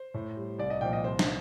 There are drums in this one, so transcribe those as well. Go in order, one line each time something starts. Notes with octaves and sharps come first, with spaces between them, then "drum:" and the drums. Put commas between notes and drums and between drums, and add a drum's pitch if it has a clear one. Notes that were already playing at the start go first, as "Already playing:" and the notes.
Already playing: C5
A2
G3
C2 D5
D#5
A#2 F3 G5
D#5
C2 C5
drum: snare